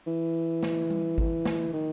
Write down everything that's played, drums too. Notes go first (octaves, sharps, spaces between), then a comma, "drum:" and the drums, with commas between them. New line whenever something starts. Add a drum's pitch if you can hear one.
E3
drum: snare
drum: tom G3
drum: kick G#1
drum: snare
D#3